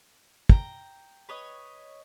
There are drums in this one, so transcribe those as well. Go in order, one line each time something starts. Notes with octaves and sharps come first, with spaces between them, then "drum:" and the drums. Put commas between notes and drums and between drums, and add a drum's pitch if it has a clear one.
G5 A#5, drum: kick
B4 C#5 D#5